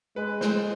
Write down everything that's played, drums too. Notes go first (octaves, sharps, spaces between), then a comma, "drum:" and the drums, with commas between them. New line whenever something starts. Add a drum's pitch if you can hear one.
G#3 B4
C5, drum: snare